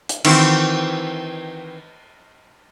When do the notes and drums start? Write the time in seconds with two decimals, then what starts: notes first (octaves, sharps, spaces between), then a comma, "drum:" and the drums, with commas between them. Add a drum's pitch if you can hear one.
0.09 drum: hi-hat
0.24 D#3 E3 C4 F#4, drum: cymbal